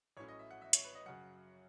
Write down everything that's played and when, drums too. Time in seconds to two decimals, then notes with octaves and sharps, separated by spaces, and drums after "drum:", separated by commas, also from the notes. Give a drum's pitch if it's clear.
0.17 A1 A2 F#3 C#4 C#5
0.28 D#5
0.39 E5
0.51 F#5
0.62 E5
0.73 C#5, drum: hi-hat
0.84 B4
0.95 D#5
1.06 F#2 C#3 F#3 F#5